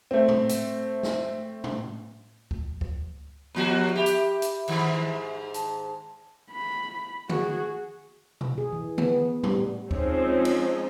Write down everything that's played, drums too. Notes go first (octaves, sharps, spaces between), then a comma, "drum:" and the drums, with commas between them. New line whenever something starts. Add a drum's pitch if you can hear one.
A3 C4
drum: tom
drum: hi-hat
drum: snare
drum: tom
drum: kick C#2
drum: kick C#2
D#2 F3 B3 F#4
G4 E5 B5
drum: hi-hat
drum: hi-hat
G#2 D#3, drum: cymbal
A5, drum: hi-hat
B5
F#4 G#4, drum: tom D3
drum: tom B2
G#4
E3
B3, drum: tom D3
G3, drum: tom
F3 G#3 C4 C#4 D#4 F4, drum: kick C#2
drum: cymbal